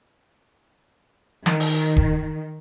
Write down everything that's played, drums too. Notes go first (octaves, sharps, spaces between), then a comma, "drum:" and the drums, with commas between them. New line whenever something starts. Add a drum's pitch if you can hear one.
D#3, drum: snare
drum: open hi-hat
drum: kick